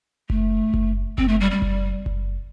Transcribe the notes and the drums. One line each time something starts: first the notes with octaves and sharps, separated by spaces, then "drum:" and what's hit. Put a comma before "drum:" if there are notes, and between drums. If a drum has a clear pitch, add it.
A3, drum: kick F#1
drum: kick F#1
C4, drum: kick F#1
A3
G3
G3
drum: kick F#1
drum: kick F#1